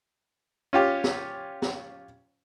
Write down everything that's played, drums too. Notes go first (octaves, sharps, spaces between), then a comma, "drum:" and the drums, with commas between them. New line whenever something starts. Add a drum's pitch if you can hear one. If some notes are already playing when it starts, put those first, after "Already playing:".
C#4 F4 G4
drum: snare
drum: snare